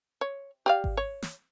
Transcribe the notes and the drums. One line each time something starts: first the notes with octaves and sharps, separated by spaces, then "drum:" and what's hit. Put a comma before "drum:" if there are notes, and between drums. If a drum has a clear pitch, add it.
C#5
G4 D5 F5
drum: kick G#1
C#5
drum: snare